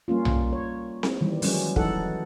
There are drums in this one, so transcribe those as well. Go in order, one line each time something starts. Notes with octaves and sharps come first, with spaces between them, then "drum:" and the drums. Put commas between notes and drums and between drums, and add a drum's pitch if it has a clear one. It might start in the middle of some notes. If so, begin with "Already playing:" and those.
G3 A#3 C#4 F4
drum: tom B1
C#5
drum: snare C4
D#3 E3 G3
F#3 G#3 C#4, drum: open hi-hat
E3 D#4 A4 F#5, drum: kick